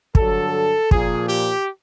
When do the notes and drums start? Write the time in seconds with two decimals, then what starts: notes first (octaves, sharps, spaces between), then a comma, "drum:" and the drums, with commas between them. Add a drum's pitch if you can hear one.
0.15 G2 D3 F#3 A4, drum: kick
0.91 A#2 F3 G#4, drum: kick
1.29 G4